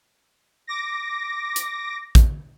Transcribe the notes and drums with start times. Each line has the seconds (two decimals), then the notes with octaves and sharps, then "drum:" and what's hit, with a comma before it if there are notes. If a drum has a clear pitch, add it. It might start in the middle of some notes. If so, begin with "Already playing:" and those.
0.67 D6 A#6
1.56 drum: hi-hat
2.15 drum: kick, hi-hat